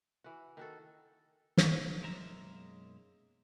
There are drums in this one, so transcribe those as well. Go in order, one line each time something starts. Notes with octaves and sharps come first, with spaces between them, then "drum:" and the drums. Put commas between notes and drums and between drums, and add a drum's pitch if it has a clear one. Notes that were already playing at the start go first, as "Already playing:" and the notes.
E3 F#4
D#3 F#4 A4
drum: snare
B1 F#2 G#3 A#3 E5 A#5